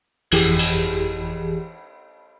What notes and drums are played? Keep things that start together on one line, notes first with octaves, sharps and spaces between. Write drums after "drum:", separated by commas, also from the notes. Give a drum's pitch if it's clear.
G1 F2 E3 G4 G#4, drum: cymbal
drum: cymbal